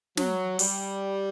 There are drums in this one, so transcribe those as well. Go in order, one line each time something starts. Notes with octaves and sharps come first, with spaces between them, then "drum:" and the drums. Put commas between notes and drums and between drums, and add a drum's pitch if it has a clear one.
F#3, drum: snare
G3, drum: open hi-hat